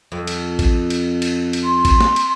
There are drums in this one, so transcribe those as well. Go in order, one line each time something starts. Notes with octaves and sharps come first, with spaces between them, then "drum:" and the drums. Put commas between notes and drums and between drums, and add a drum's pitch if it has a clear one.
F2
drum: cymbal
drum: kick A1, cymbal
drum: cymbal
drum: cymbal
drum: cymbal
C6
drum: kick A1, cymbal
drum: snare
drum: cymbal